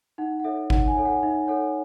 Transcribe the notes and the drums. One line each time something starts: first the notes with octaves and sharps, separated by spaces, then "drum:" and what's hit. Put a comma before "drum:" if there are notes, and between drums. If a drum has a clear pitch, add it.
D#4 F#5
F#5
A4 C#5 E5
D#4 F#5, drum: kick G#1
G#5
A4 C#5
F#5
D#4 E5
A4 C#5 F#5